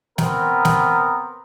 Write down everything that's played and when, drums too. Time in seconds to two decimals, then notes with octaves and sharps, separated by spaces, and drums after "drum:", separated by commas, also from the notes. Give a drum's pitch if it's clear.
0.18 B3 C4 A#4, drum: snare
0.65 drum: snare